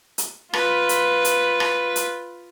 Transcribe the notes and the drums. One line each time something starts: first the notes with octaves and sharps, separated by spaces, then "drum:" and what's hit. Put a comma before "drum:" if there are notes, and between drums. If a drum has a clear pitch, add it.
drum: hi-hat
F4 B4, drum: rim click
drum: hi-hat
drum: hi-hat
drum: rim click
drum: hi-hat